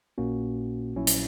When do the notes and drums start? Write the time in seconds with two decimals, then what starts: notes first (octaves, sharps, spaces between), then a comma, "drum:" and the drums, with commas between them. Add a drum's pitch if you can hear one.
0.18 A#1 A#2 A#3 C#4 F#4
0.95 A#1 A#2 F#3 C#4 E4
1.07 drum: hi-hat